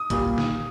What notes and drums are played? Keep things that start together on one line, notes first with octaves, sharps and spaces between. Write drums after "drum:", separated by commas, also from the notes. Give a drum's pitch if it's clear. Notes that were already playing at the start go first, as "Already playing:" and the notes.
Already playing: D#6
A#2 G3, drum: kick A1, hi-hat
drum: snare